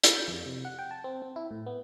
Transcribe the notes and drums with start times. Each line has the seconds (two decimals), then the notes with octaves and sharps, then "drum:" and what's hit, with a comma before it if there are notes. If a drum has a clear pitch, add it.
0.03 drum: hi-hat
0.16 G6
0.28 F2
0.46 C3
0.65 F#5
0.79 G5
0.91 A5
1.04 C4
1.22 C4
1.36 E4
1.51 A2
1.66 B3